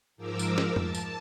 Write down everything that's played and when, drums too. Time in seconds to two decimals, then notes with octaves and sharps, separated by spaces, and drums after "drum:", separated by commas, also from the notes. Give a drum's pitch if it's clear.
0.17 G#2 F3 A#4 D6 E6
0.39 drum: tambourine
0.58 drum: snare
0.76 A5, drum: tom F2
0.95 drum: tambourine